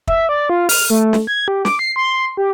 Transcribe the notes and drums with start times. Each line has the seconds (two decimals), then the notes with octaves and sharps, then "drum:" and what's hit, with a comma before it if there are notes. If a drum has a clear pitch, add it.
0.07 E5, drum: kick
0.29 D5
0.50 F4
0.69 F6, drum: open hi-hat
0.90 A3
1.13 drum: snare
1.27 G#6
1.48 G4
1.65 D6, drum: snare
1.79 C7
1.96 C6
2.37 G4